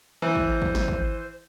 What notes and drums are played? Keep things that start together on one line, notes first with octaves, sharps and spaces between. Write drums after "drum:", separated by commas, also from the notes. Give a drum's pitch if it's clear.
E3 C5
drum: kick
drum: kick
drum: snare
drum: kick